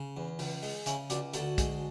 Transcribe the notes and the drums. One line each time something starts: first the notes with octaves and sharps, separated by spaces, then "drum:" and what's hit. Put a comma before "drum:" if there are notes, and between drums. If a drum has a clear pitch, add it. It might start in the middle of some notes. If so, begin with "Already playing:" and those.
Already playing: C#3
E2
C#2, drum: open hi-hat
G#3, drum: open hi-hat
C#3 C#4 E4, drum: hi-hat
C#2 D4 F#4, drum: hi-hat
D2 F#4 A4, drum: hi-hat
G#3, drum: kick, hi-hat